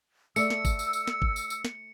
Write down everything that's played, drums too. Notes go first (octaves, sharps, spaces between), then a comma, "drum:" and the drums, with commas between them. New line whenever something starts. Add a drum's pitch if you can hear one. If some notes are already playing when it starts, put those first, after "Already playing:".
A3 D5 E6 C#7, drum: tambourine
drum: snare
drum: kick, tambourine
drum: tambourine
drum: tambourine
drum: snare
drum: kick
drum: tambourine
drum: tambourine
drum: snare